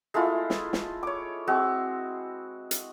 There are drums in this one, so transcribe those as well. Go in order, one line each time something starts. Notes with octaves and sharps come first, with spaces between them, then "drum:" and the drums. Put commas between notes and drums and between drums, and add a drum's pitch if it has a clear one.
G#3 A3 E4 F4
drum: snare
drum: snare
C#5 D6
G#3 C4 F#4
drum: hi-hat